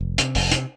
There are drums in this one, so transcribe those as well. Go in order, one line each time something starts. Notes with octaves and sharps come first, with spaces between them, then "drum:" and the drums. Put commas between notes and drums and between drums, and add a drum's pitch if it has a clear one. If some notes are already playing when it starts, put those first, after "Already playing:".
F1
C3, drum: hi-hat
F1, drum: open hi-hat
C3, drum: hi-hat